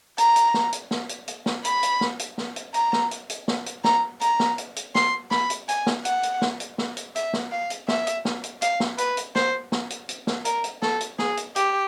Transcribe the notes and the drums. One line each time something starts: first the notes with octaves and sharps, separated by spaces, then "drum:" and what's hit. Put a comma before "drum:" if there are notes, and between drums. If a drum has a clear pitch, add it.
A#5, drum: hi-hat
drum: hi-hat
drum: snare
drum: hi-hat
drum: snare
drum: hi-hat
drum: hi-hat
drum: snare
B5, drum: hi-hat
drum: hi-hat
drum: snare
drum: hi-hat
drum: snare
drum: hi-hat
A#5, drum: hi-hat
drum: snare
drum: hi-hat
drum: hi-hat
drum: snare
drum: hi-hat
A#5, drum: snare
A#5, drum: hi-hat
drum: snare
drum: hi-hat
drum: hi-hat
C6, drum: snare
B5, drum: snare
drum: hi-hat
G#5, drum: hi-hat
drum: snare
F#5, drum: hi-hat
drum: hi-hat
drum: snare
drum: hi-hat
drum: snare
drum: hi-hat
E5, drum: hi-hat
drum: snare
F5
drum: hi-hat
E5, drum: snare
drum: hi-hat
drum: snare
drum: hi-hat
F5, drum: hi-hat
drum: snare
B4, drum: hi-hat
drum: hi-hat
C5, drum: snare
drum: snare
drum: hi-hat
drum: hi-hat
drum: snare
A#4, drum: hi-hat
drum: hi-hat
A4, drum: snare
drum: hi-hat
G#4, drum: snare
drum: hi-hat
G4, drum: hi-hat